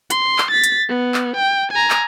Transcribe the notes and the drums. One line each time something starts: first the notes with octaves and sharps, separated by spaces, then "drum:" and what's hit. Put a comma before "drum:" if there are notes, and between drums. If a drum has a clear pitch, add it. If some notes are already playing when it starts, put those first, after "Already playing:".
C6, drum: hi-hat
drum: clap
A6 B6
drum: hi-hat
B3
drum: clap
G5
G#5 A#5
drum: clap